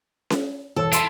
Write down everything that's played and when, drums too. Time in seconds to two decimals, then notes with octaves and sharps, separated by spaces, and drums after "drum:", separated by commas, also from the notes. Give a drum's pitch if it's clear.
0.30 drum: snare C#4
0.76 E1 A4 C#5 E6
0.92 E4 F4 A5 C6 E6, drum: hi-hat